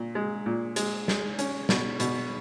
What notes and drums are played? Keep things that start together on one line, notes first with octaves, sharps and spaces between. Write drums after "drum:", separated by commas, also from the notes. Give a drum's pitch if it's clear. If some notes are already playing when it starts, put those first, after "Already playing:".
Already playing: A#2
G#3
A#2
G#3, drum: hi-hat
G#3, drum: snare
C#4, drum: hi-hat
B2, drum: snare
B2, drum: hi-hat